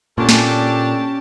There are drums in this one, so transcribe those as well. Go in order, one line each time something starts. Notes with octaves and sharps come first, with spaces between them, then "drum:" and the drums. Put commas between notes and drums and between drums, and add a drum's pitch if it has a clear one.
A#2 C#4 D4 G4 A4 A5
drum: snare